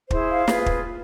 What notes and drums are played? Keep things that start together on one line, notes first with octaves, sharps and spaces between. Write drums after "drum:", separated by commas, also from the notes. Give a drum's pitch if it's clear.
E4 G#4 C5, drum: kick
F5
F4 G#4 B4, drum: snare
drum: kick